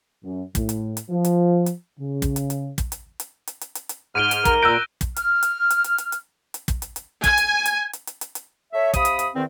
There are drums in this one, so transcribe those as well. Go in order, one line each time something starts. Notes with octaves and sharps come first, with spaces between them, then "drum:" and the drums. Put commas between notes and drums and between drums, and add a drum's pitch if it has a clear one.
F#2
A2, drum: kick, hi-hat
drum: hi-hat
drum: hi-hat
F3
drum: hi-hat
drum: hi-hat
C#3
drum: kick, hi-hat
drum: hi-hat
drum: hi-hat
drum: kick, hi-hat
drum: hi-hat
drum: hi-hat
drum: hi-hat
drum: hi-hat
drum: hi-hat
drum: hi-hat
G#2 F6 D7 D#7 G7
drum: hi-hat
A#4, drum: kick, hi-hat
A#2 E6 F#6 G6 A#6 D7
drum: kick, hi-hat
F6, drum: hi-hat
drum: hi-hat
drum: hi-hat
drum: hi-hat
drum: hi-hat
drum: hi-hat
drum: hi-hat
drum: kick, hi-hat
drum: hi-hat
drum: hi-hat
G#5, drum: kick, hi-hat
drum: hi-hat
drum: hi-hat
drum: hi-hat
drum: hi-hat
drum: hi-hat
drum: hi-hat
A3 C#5 E5
C3 F5 B5 D#6, drum: kick, hi-hat
drum: hi-hat
drum: hi-hat
E2 D#3 C4